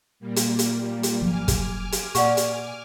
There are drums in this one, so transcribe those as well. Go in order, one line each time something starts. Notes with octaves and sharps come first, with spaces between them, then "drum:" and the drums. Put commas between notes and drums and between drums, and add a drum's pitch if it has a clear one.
A#2 G3 A#3
drum: hi-hat
drum: hi-hat
drum: hi-hat
G#1 F3 F#3 G#5 D6 F6
drum: kick, hi-hat
drum: hi-hat
A#2 D5 F#5 C#6, drum: hi-hat
drum: hi-hat